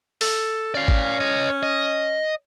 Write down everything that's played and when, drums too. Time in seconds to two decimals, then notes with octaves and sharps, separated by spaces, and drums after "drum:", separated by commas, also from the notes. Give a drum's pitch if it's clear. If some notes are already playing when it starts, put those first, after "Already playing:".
0.21 A4, drum: open hi-hat
0.74 C#4 D5 F5
0.88 drum: kick G#1
1.20 C#5 D#5
1.63 D#5